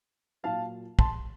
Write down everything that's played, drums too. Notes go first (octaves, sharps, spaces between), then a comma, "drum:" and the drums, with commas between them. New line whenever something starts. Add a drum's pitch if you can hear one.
A#2 F#3 F5 A5
A5 C6, drum: kick